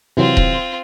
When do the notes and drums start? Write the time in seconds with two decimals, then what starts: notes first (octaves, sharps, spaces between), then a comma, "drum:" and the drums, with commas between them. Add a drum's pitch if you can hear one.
0.17 C3 E3 F#3 C4 F4
0.37 drum: kick D#1